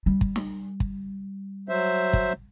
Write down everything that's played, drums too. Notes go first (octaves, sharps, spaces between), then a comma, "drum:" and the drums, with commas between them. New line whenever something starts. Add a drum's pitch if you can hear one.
G3
drum: kick
drum: snare
drum: kick
F#3 C5 E5
drum: kick